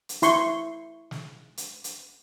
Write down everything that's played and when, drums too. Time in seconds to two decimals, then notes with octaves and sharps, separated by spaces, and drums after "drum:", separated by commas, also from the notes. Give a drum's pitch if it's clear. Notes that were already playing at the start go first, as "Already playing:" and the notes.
0.09 drum: hi-hat
0.22 E4 C6 C#6, drum: hi-hat
1.11 drum: snare
1.57 drum: hi-hat
1.84 drum: hi-hat